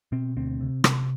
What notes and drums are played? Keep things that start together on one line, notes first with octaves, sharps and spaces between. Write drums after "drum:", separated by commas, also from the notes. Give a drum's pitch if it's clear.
B2 C4
D2 C4
C3
C3, drum: rim click